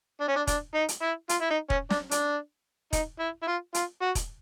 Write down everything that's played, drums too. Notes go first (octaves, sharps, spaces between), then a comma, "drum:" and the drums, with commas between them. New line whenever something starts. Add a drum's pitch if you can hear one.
D4
C#4
D4
D4, drum: kick E1, hi-hat
D#4
drum: hi-hat
E4
F4, drum: hi-hat
E4
D#4
C#4, drum: kick E1
D4, drum: snare
D4, drum: hi-hat
D#4, drum: kick E1, hi-hat
E4
E4
F4
F4, drum: hi-hat
F#4
drum: kick E1, hi-hat